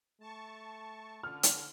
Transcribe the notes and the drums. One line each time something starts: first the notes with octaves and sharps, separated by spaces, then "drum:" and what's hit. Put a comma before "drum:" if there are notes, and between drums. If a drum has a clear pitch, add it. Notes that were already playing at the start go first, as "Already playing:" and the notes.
A3 A5 C#6
D3 F6
drum: hi-hat